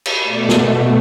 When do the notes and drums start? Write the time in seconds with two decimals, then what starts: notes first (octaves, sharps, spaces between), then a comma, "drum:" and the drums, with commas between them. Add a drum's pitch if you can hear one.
0.06 drum: cymbal
0.24 B2 A3 D5
0.49 drum: snare